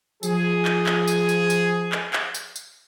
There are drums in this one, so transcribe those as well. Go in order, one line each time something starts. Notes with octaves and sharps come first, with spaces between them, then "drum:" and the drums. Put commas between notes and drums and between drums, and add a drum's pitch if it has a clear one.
F3 G#4, drum: tambourine
drum: clap
drum: clap
drum: tambourine
drum: tambourine
drum: tambourine
drum: clap
drum: clap
drum: tambourine
drum: tambourine